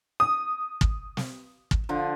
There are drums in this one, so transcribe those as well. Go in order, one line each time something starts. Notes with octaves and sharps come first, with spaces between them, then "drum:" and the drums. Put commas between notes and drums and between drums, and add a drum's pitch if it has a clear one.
D#6
drum: kick
drum: snare
drum: kick
D3 F3